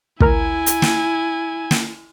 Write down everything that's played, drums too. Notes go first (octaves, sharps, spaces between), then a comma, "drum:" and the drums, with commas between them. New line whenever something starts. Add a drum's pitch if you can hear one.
D2 E4 A#4 G#5 A#5, drum: kick
drum: hi-hat
drum: snare
drum: snare